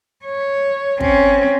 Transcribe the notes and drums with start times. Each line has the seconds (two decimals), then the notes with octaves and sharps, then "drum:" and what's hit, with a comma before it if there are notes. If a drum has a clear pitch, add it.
0.25 C#5
1.00 C4 C#4, drum: kick